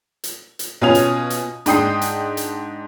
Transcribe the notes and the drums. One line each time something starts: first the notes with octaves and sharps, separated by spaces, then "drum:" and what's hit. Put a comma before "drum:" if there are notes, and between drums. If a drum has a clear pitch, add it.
drum: hi-hat
drum: hi-hat
B2 C#4 F4 G#5 D#6 F7
drum: hi-hat
drum: hi-hat
G#2 D4 G5 D#6 C7, drum: hi-hat
drum: hi-hat
drum: hi-hat